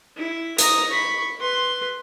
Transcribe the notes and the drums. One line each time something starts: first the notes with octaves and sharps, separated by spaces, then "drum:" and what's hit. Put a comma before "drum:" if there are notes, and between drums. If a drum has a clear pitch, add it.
E4
A#5 D#6, drum: hi-hat
B5 C#6
B4 C6